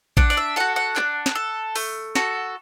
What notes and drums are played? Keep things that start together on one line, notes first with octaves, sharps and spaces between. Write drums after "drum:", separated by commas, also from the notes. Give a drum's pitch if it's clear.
D4 F#5, drum: kick
D5, drum: tambourine
E5
F#4 A4 F#5
F#5
D4, drum: clap
drum: snare
A4
A3, drum: open hi-hat
F#4 A4, drum: snare